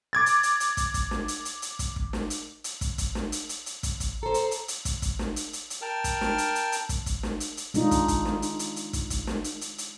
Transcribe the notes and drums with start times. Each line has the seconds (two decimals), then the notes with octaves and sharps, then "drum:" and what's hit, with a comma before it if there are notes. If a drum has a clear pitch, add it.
0.13 D6 G#6 A6
0.26 drum: hi-hat
0.43 drum: hi-hat
0.60 drum: hi-hat
0.77 drum: kick, hi-hat
0.94 drum: kick, hi-hat
1.11 drum: snare
1.28 drum: hi-hat
1.45 drum: hi-hat
1.62 drum: hi-hat
1.79 drum: kick, hi-hat
1.96 drum: kick
2.13 drum: snare
2.30 drum: hi-hat
2.64 drum: hi-hat
2.81 drum: kick, hi-hat
2.98 drum: kick, hi-hat
3.15 drum: snare
3.32 drum: hi-hat
3.49 drum: hi-hat
3.66 drum: hi-hat
3.83 drum: kick, hi-hat
4.00 drum: kick, hi-hat
4.23 A4 C5 A#5
4.34 drum: hi-hat
4.51 drum: hi-hat
4.68 drum: hi-hat
4.85 drum: kick, hi-hat
5.02 drum: kick, hi-hat
5.19 drum: snare
5.36 drum: hi-hat
5.53 drum: hi-hat
5.70 drum: hi-hat
5.82 A#4 G5 A5 F6
6.04 drum: kick, hi-hat
6.21 drum: snare
6.38 drum: hi-hat
6.55 drum: hi-hat
6.72 drum: hi-hat
6.89 drum: kick, hi-hat
7.06 drum: kick, hi-hat
7.23 drum: snare
7.40 drum: hi-hat
7.57 drum: hi-hat
7.74 G#3 D4 D#4 F4, drum: hi-hat
7.91 drum: kick, hi-hat
8.08 drum: kick, hi-hat
8.25 drum: snare
8.42 drum: hi-hat
8.59 drum: hi-hat
8.76 drum: hi-hat
8.93 drum: kick, hi-hat
9.10 drum: kick, hi-hat
9.27 drum: snare
9.44 drum: hi-hat
9.61 drum: hi-hat
9.78 drum: hi-hat